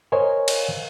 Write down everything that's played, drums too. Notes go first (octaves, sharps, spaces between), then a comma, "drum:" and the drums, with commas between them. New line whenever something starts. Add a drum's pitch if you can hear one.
A#4 C5 C#5 D#5 G#5
drum: cymbal